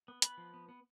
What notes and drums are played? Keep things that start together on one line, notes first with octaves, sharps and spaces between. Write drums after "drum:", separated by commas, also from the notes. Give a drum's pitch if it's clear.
B3
B3 B4 B5, drum: hi-hat
F3
B3
B3